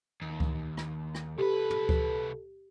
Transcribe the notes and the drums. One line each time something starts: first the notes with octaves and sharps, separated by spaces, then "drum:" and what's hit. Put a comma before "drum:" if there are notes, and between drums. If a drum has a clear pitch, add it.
D#2
drum: kick C#2
drum: rim click
drum: rim click
C2 G4 A4 B4
drum: tom
drum: kick C#2